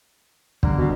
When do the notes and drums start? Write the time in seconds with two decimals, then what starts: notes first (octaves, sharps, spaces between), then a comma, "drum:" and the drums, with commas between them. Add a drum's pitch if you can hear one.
0.63 D3 G3 A#3, drum: kick
0.76 B2